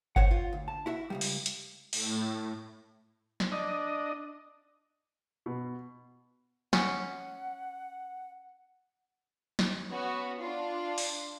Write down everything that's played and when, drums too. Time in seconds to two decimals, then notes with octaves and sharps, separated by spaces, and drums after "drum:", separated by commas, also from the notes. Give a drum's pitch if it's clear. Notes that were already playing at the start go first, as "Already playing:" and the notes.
0.16 C5 C#5 F#5, drum: kick G1
0.31 F4
0.53 D2
0.68 A5
0.86 E4 F#4 E5
1.10 C#2 C3 G3
1.21 drum: open hi-hat
1.46 drum: hi-hat
1.93 A2, drum: open hi-hat
3.40 drum: snare
3.52 D4 D#5
5.46 B2
6.73 C#4 F#5, drum: snare
9.59 drum: snare
9.90 B3 C#4 F#4
10.40 D4 F4
10.98 drum: open hi-hat